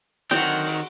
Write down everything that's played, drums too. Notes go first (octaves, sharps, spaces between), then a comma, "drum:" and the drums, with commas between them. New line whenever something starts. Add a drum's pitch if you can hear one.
D3 D#3 F#3 C4 F#4 G5, drum: snare
drum: open hi-hat